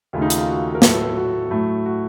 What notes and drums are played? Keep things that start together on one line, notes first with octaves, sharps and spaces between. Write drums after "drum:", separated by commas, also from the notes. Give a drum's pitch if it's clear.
D#2 C#3 A3 F4
D#4
F4, drum: hi-hat
A4
F#4
A#4
A2 F#3 A3 A4, drum: snare
F#4
A2 F#3 A3
F#4